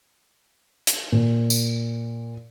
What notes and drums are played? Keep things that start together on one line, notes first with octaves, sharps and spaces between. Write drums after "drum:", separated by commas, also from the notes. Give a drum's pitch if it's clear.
drum: hi-hat
A#2
drum: tambourine